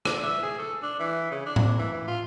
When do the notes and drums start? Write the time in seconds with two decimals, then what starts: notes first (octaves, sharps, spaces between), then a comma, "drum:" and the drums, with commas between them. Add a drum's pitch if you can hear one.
0.05 D4, drum: rim click
0.23 E5
0.43 G#4
0.59 A4
0.83 D4
0.99 E3
1.31 C#3
1.46 D4
1.56 drum: tom A2
1.79 E3
1.92 E3
2.08 F4